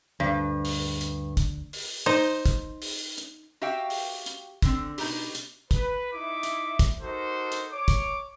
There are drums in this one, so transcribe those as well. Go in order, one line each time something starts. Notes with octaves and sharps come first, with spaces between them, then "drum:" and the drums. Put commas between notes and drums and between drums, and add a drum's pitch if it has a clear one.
D2 G2
drum: open hi-hat
drum: hi-hat
drum: kick, hi-hat
drum: open hi-hat
D#4 C5
drum: kick, hi-hat
drum: open hi-hat
drum: hi-hat
F#4 G4 E5 F5 G5
drum: open hi-hat
drum: hi-hat
D3 C4, drum: kick, hi-hat
B2 D#4 E4 G4, drum: open hi-hat
drum: hi-hat
B4, drum: kick, hi-hat
D#4 E4 E5 D6
drum: hi-hat
drum: kick, hi-hat
D#4 F#4 A4 A#4 C5
drum: hi-hat
C#5 D6
drum: kick, hi-hat